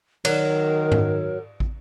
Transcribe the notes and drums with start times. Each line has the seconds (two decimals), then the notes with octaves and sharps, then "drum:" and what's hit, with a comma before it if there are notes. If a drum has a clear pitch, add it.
0.25 D#3 F#3 A#4, drum: cymbal
0.92 drum: tom G#2
1.60 drum: kick